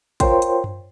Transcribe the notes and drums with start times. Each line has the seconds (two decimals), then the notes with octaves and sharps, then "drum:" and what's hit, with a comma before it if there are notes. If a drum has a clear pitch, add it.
0.20 F4 A#4 C5 C#5 G5 C6, drum: kick A1, hi-hat
0.42 drum: hi-hat
0.64 drum: tom F#2